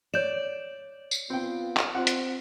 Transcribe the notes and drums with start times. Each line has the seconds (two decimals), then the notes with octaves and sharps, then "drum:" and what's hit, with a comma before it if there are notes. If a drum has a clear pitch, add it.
0.14 C#5 D5 G6 E7
1.11 drum: tambourine
1.30 B3 C4 F4 G5
1.77 drum: clap
1.95 C4 F4 F#5
2.07 drum: hi-hat